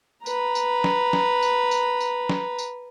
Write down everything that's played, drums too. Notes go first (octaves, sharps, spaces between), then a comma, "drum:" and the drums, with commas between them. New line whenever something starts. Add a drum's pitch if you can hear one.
B4 A#5, drum: tambourine
drum: tambourine
drum: snare
drum: snare
drum: tambourine
drum: tambourine
drum: tambourine
drum: snare
drum: tambourine